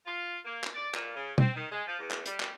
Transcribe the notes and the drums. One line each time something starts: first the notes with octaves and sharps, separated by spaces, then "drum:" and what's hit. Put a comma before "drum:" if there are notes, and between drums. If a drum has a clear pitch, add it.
F4
A#3
drum: clap
D5
A#2, drum: clap
C#3
C4, drum: tom B2
D#3
G#3
F3
E2
drum: clap
G3, drum: hi-hat
drum: clap